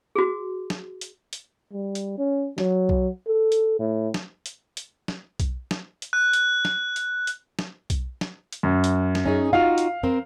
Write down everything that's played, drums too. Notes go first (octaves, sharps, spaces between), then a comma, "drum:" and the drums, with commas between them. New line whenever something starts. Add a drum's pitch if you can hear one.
F#4 G#4
drum: snare
drum: hi-hat
drum: hi-hat
G3
drum: hi-hat
C#4
F#3, drum: snare
drum: kick B1
A4
drum: hi-hat
A2
drum: snare
drum: hi-hat
drum: hi-hat
drum: snare
drum: kick B1, hi-hat
drum: snare
drum: hi-hat
F#6
drum: hi-hat
drum: snare
drum: hi-hat
drum: hi-hat
drum: snare
drum: kick B1, hi-hat
drum: snare
drum: hi-hat
F#2
drum: hi-hat
drum: snare
C#4 D#4 G#4
D#4 F4 F#4 F5
drum: hi-hat
C4 A#4 C5